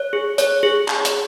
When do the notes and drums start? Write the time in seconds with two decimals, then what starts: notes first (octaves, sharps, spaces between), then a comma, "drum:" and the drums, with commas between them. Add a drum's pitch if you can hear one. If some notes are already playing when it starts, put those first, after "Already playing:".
Already playing: C#5
0.13 G#4
0.38 C#5, drum: hi-hat
0.63 G#4
0.88 drum: clap
1.05 drum: hi-hat